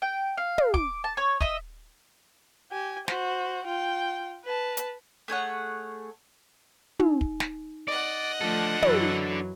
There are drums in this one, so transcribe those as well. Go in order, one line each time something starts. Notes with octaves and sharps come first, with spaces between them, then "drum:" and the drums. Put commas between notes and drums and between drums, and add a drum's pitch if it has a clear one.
G5
F5
drum: tom
D6, drum: kick
A5
C#5
D#5 E5, drum: kick
G4 G#5
F#4 C5, drum: snare
F4 G5
B4 A5
drum: hi-hat
A3 G#4 C#5 F#5
D#4, drum: tom
drum: kick
drum: snare
D5 D#5 F#5
F3 A3 D4 A4
F#2 E3 F#3, drum: tom